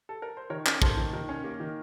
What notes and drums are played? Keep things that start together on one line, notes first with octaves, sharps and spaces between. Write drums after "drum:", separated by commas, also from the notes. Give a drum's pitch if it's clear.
A4
A#4
C5
D#3 A#4 C#5
C#4, drum: clap
A#3 A4 C5, drum: kick
D#3
D#3 A#4
C#4
A#3
D#3